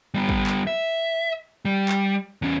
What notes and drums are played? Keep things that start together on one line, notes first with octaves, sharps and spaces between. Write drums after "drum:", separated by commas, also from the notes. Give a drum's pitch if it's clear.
G3 B3
drum: kick
drum: clap
E5
G3
drum: clap
E2 C#4